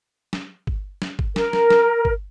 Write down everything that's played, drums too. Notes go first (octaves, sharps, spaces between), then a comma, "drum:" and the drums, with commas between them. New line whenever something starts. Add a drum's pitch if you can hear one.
drum: snare
drum: kick G1
drum: snare
drum: kick G1
A#4, drum: snare
drum: snare
drum: snare
drum: kick G1